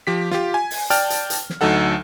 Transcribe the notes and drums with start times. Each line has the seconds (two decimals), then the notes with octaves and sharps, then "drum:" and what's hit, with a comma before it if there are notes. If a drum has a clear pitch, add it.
0.07 F3 G4 B6
0.31 F4 G4, drum: snare
0.54 G#5
0.71 drum: open hi-hat
0.90 D5 G5 A5 F6, drum: hi-hat
1.10 drum: hi-hat
1.30 drum: hi-hat
1.50 drum: snare
1.61 D2 F#3 D#4 A4 F#5